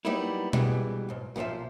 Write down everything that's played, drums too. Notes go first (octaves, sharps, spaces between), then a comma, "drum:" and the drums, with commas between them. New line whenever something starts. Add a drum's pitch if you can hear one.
F#3 G3 A#3 B3 D#4 E4
B2 E3 G3 G#3, drum: tom B2
B1 G#2
B1 A#2 F3 F4 E5